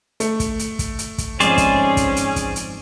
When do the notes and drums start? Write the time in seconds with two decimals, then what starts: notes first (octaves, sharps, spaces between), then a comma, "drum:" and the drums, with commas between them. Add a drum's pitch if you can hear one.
0.20 A3, drum: hi-hat
0.40 drum: kick, hi-hat
0.59 drum: hi-hat
0.79 drum: kick, hi-hat
0.99 drum: hi-hat
1.18 drum: kick, hi-hat
1.40 F2 G#2 C#4 G#4 C5 D5, drum: hi-hat
1.58 drum: kick, hi-hat
1.97 drum: kick, hi-hat
2.16 drum: hi-hat
2.36 drum: kick, hi-hat
2.56 drum: hi-hat